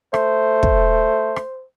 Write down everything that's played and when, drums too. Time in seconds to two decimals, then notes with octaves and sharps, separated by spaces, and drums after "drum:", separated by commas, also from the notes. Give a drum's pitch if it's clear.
0.14 A3 C5, drum: rim click
0.63 drum: kick
1.36 drum: rim click